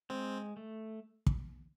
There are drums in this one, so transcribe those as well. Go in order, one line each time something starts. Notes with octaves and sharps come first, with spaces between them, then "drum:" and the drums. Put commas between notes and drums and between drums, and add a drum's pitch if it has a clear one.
G#3 C4
A3
drum: kick